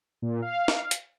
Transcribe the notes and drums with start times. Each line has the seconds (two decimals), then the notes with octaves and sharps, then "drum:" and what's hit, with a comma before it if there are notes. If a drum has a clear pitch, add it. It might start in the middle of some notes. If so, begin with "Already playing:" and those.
0.22 A#2
0.42 F5
0.68 drum: snare
0.91 drum: hi-hat